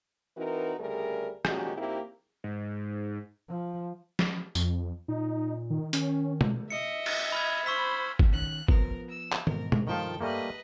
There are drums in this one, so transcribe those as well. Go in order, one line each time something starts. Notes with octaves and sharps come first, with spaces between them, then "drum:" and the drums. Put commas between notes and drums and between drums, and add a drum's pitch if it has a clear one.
E3 C4 D#4 F#4 A#4 B4
D2 C#3 G3 A3 G#4 A#4
A#2 D#3 G#3 C#4 F#4 G4, drum: rim click
A#2 A#3 C4 D#4 E4 G4
G#2
F3
drum: snare
F2, drum: tambourine
A#2 D#4
D#3
D#3 C#4, drum: hi-hat
drum: tom
D#5 E5 C#7
drum: cymbal
B5 F6 G#6
C5 B5 C#6 E6 B6
drum: kick
D#3 C#4 F#6
F3 B3 A#4, drum: kick
E6
drum: clap
G#2 B2 A#4, drum: tom D#3
drum: tom
G2 D#3 F3 F4 A4 G5 A5
G3 A3 A#3 B4 D#5